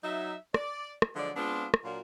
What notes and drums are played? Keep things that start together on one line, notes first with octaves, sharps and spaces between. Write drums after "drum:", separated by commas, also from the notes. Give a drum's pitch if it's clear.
F#3 D#4 E5
D5, drum: rim click
drum: rim click
D3 F3 F#3 G#3 D5
G#3 B3 C4 D4 F4
drum: rim click
A#2 F#3 D4 F4 F#4 A#4